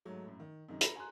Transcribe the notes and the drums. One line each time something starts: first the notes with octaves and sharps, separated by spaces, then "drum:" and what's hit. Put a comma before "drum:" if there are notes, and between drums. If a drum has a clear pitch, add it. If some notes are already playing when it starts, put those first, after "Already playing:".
G#2 F#3 A3
F#2 A2
D#3
F#2 C3 D#3 G#3 D#4
A#5 B5 A#6 C#7, drum: hi-hat
G#5 A#5 C6 F#6